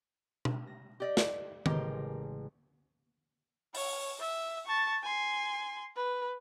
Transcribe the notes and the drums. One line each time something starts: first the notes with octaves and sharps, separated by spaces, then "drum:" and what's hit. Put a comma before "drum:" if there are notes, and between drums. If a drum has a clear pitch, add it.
drum: tom B2
A#6
G4 D5 D#5
drum: snare
A1 C#3 G#3 G4 A#4 D#5, drum: tom D#3
C#5, drum: open hi-hat
E5
A5 C#6
G#5 C6
B4